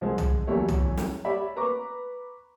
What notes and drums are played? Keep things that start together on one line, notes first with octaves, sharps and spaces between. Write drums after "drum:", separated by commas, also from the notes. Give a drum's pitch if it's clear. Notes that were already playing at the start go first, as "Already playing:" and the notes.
C2 F3 G#3
drum: tom
E2 F#3 G3 A3 E4 C#5
drum: tom
drum: snare
G3 C#5 D5 E5 B5
B4 A#5 C#6 D6